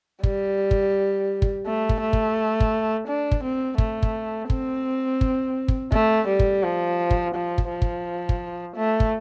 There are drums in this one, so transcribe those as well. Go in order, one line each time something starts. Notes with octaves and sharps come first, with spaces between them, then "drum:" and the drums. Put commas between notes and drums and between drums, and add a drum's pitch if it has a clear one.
G3, drum: kick
drum: kick
drum: kick
A3
drum: kick
A3
drum: kick
drum: kick
D4
drum: kick
C4
A3, drum: kick
drum: kick
C4, drum: kick
drum: kick
drum: kick
A3, drum: kick
G3
drum: kick
F3
drum: kick
F3
drum: kick
F3
drum: kick
drum: kick
A3
drum: kick